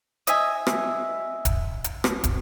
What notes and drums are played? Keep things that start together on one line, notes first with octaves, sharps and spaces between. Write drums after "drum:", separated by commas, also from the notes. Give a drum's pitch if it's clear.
D#5 E5 G#5, drum: hi-hat
drum: rim click
drum: kick, hi-hat
drum: hi-hat
drum: rim click
drum: kick, hi-hat